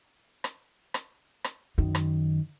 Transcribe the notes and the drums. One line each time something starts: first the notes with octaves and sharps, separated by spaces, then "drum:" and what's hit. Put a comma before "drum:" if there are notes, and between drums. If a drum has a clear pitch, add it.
drum: rim click
drum: rim click
drum: rim click
F#2 D#3
drum: rim click